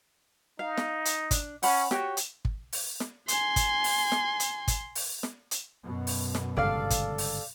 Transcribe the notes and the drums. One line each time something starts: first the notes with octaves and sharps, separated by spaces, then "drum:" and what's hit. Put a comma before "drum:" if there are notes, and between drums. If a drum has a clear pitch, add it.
D#4 F5
drum: snare
drum: hi-hat
D4, drum: kick, hi-hat
C#4 F#5 B5, drum: open hi-hat
F#4 G4 C#5 G5, drum: snare
drum: hi-hat
drum: kick
drum: open hi-hat
drum: snare
G#5 C6, drum: hi-hat
drum: kick, hi-hat
drum: open hi-hat
drum: snare
drum: hi-hat
drum: kick, hi-hat
drum: open hi-hat
drum: snare
drum: hi-hat
F#2 B2
drum: open hi-hat
drum: snare
G1 G#2 C#3 A4 D5 F5
drum: kick, hi-hat
drum: open hi-hat